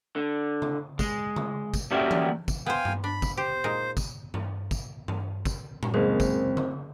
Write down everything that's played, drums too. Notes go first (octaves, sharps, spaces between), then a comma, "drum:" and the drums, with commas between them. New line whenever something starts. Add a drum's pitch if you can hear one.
D3
drum: tom C#3
G#3, drum: kick, tambourine
drum: tom C#3
drum: kick, tambourine
G3 A#3 C#4 F#4 G4 E5
drum: tom E3
drum: kick, tambourine
B3 C5 F5 G5 G#5
drum: tom G2
D4 B5
drum: kick, tambourine
G4 C5
A#2 G#3 D#4
drum: kick, tambourine
drum: tom G2
drum: kick, tambourine
drum: tom G2
drum: kick, tambourine
drum: tom A2
F#1 G#3 A#3 C4 D#4 G#4
drum: kick, tambourine
drum: tom C#3